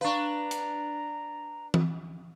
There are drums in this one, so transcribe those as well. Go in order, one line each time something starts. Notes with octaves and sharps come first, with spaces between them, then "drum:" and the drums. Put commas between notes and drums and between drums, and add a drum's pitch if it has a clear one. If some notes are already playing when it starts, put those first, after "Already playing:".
D4 B4 F5 A#5 C#6
drum: hi-hat
drum: tom E3